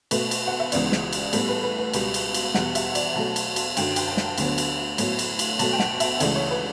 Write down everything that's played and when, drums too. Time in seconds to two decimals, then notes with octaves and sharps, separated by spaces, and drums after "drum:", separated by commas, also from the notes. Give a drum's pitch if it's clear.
0.11 B2 A3 B4, drum: cymbal
0.31 drum: cymbal
0.47 F#5
0.60 E5
0.72 C#2 C#3 E3 B3 D5, drum: cymbal
0.92 drum: snare
1.13 drum: cymbal
1.33 A2 G3 B3 A4, drum: cymbal
1.48 B4
1.64 B4
1.78 B4
1.93 C#2 B2 G3 B4, drum: cymbal
2.14 drum: cymbal
2.34 drum: cymbal
2.54 E2 B2 G3 B3 F#5, drum: snare
2.75 E5, drum: cymbal
2.95 D5, drum: cymbal
3.15 B2 F#3 A3 A5
3.36 drum: cymbal
3.56 drum: cymbal
3.77 F#2 D3 F#3 G5, drum: cymbal
3.96 G5, drum: cymbal
4.07 A5
4.17 drum: snare
4.38 D2 D3 F#3 B3, drum: cymbal
4.58 drum: cymbal
4.98 A2 F#3 B3, drum: cymbal
5.19 drum: cymbal
5.39 drum: cymbal
5.59 B2 F#3 A3 A5, drum: cymbal
5.73 G5
5.79 F#5, drum: snare
6.00 E5, drum: cymbal
6.20 C#2 C#3 E3 A3 D5, drum: cymbal
6.36 C#5
6.51 B4